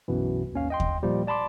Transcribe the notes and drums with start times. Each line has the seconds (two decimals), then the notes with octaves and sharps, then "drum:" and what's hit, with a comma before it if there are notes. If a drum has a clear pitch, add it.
0.08 B1 F#2 B2 E3
0.52 G#1 D#2 C#4 F5
0.70 D#5 G5 C6
0.80 drum: kick D#2
1.03 A#2 F3 G3
1.27 D5 A5 B5 C6 D6